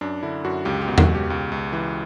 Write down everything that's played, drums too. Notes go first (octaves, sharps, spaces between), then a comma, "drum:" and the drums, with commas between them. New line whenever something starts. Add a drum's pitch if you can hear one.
F#2 D4
D3 E4
F#2 F#4
C#2 G4
G4
B2
F#4, drum: tom E2
C#2
G4
C#2
C#2
E3